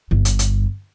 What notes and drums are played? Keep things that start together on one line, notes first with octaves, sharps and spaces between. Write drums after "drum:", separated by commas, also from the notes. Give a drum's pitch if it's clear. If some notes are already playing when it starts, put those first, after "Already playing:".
G1 G2
drum: hi-hat
drum: hi-hat